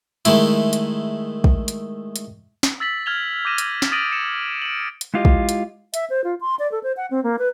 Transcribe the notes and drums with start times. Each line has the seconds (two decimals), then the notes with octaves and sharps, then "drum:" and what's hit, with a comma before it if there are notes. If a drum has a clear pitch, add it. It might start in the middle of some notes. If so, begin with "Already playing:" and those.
0.25 D#3 G#3 A3 E4, drum: hi-hat
0.73 drum: hi-hat
1.44 drum: kick
1.68 drum: hi-hat
2.16 drum: hi-hat
2.63 drum: snare
2.80 E6 A6 B6 F#7
3.06 F6 G#6 F7 G7
3.45 D6 G6 A#6 D#7 E7
3.58 drum: hi-hat
3.82 drum: snare
3.92 D#6 A6 A#6 D7 D#7 F#7
4.12 C#7 E7
4.62 D7 F#7
5.01 drum: hi-hat
5.14 G#3 E4 F4 G4 D#5
5.25 drum: kick
5.49 drum: hi-hat
5.94 E5, drum: hi-hat
6.10 C5
6.24 F4
6.41 C6
6.59 D5
6.72 A4
6.83 C5
6.97 F#5
7.11 C4
7.24 A#3
7.39 B4